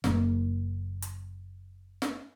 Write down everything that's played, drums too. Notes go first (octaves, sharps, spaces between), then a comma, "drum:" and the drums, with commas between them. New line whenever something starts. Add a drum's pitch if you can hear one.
F#1 A#3, drum: snare
drum: hi-hat
drum: snare